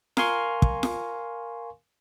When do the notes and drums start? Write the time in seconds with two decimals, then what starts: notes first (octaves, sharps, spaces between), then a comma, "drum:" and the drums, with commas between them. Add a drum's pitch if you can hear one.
0.17 A#4 F5 G#5 C6 C#6, drum: snare F4
0.62 drum: kick
0.83 drum: snare F4